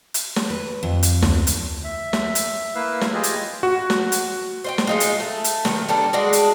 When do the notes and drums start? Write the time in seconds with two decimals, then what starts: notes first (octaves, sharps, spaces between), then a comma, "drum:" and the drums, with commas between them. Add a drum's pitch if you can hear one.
0.14 drum: hi-hat
0.36 drum: snare
0.50 B4
0.83 F2
1.03 drum: hi-hat
1.22 D2, drum: snare
1.47 drum: hi-hat
1.84 E5
2.13 drum: snare
2.35 drum: hi-hat
2.75 A#3 E4 B4 F5 E6
3.01 drum: snare
3.14 F4 G4 G#4 D#5
3.23 drum: hi-hat
3.63 F#4
3.90 drum: snare
4.12 drum: hi-hat
4.64 C5 D#5 G5
4.78 drum: snare
4.87 G#3 D#4 F4
5.00 drum: hi-hat
5.20 A3
5.44 drum: hi-hat
5.65 D#3 B4, drum: snare
5.89 G3 B3 D4 A4
6.13 G#3 D4 F#4
6.33 drum: hi-hat